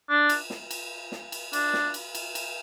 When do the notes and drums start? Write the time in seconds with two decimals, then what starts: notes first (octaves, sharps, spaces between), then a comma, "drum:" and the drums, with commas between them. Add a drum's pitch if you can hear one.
0.09 D4
0.29 drum: cymbal
0.50 drum: snare
0.71 drum: cymbal
1.12 drum: snare
1.32 drum: cymbal
1.53 D4, drum: cymbal
1.73 drum: snare
1.94 drum: cymbal
2.15 drum: cymbal
2.35 drum: cymbal